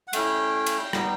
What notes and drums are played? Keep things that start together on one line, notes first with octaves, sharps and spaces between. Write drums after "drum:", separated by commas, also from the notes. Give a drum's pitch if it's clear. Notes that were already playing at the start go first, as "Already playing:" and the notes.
F#5
A3 C#4 E4 G5, drum: cymbal
drum: cymbal
G3 B3 D#4, drum: rim click